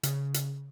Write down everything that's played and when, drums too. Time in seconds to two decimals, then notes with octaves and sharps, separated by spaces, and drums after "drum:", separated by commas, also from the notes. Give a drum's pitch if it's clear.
0.03 C#3, drum: hi-hat
0.34 drum: hi-hat